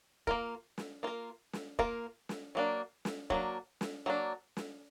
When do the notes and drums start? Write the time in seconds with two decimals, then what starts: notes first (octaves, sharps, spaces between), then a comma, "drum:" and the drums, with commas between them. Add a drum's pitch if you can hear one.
0.27 A#3 F4 A#4, drum: kick
0.78 drum: snare
1.03 A#3 F4 A#4
1.53 drum: snare
1.79 A#3 F4 A#4, drum: kick
2.29 drum: snare
2.55 F#3 A#3 D4
3.05 drum: snare
3.30 F#3 A#3 D4, drum: kick
3.81 drum: snare
4.06 F#3 A#3 D4
4.57 drum: snare